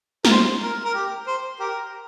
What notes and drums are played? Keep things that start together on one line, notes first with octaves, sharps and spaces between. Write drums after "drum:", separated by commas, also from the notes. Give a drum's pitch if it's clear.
A#4, drum: snare
C5
A#4
A#4
G4
C5
G4 A#4